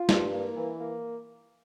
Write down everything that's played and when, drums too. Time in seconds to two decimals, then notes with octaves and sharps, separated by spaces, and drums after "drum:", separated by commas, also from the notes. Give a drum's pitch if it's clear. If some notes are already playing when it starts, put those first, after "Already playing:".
Already playing: F4
0.09 G2, drum: snare
0.33 A#3
0.57 E3
0.79 A#3